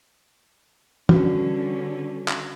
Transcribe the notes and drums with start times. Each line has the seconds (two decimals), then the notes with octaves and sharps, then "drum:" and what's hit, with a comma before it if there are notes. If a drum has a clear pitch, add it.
1.09 D3 G3 C#4 F#4 B4, drum: tom
2.28 drum: clap